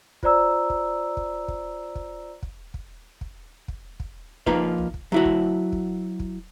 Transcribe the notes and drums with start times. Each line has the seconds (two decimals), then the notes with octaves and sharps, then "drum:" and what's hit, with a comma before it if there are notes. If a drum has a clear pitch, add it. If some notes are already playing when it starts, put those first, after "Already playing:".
0.23 F4 C5 D5 A#5 E6, drum: kick
0.70 drum: kick
1.17 drum: kick
1.48 drum: kick
1.95 drum: kick
2.43 drum: kick
2.74 drum: kick
3.21 drum: kick
3.68 drum: kick
4.00 drum: kick
4.46 F3 A#3 D#4 F4 B4 C5, drum: kick
4.78 drum: tom
4.94 drum: kick
5.12 F#3 E4 F#4
5.25 drum: kick
5.72 drum: kick
6.20 drum: kick